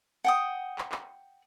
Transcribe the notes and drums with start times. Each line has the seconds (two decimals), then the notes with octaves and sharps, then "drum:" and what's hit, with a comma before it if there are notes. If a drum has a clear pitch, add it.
0.24 F#5 G5 D#6
0.78 drum: clap
0.92 drum: clap